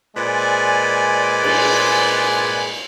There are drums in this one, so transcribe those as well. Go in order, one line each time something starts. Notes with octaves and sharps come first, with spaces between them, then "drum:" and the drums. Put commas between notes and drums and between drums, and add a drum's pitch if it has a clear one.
A#2 G#3 B4 C5 D5 G#5
drum: cymbal